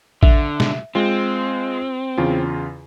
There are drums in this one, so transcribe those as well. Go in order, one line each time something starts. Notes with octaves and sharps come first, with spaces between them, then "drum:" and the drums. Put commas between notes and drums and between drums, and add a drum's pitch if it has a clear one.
D3 E5, drum: kick A1
drum: snare
G#3 C4 F4
E2 C#3 F4